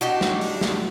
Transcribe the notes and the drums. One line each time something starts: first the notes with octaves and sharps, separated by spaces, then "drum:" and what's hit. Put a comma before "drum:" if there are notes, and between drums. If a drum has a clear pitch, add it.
D4 D#4 F#4 G4
drum: snare
drum: open hi-hat
drum: snare